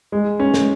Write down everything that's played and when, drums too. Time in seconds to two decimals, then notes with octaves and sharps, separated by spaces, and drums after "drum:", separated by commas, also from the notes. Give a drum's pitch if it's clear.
0.12 G#3
0.39 C#4
0.54 drum: snare